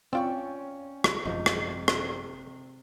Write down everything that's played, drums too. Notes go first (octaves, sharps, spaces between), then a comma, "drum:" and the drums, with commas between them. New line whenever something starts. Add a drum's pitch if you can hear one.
C4 C#4 F4 D5 G5 C#6
drum: rim click
G#1 F#2 C3 F3 D#4
drum: rim click
drum: rim click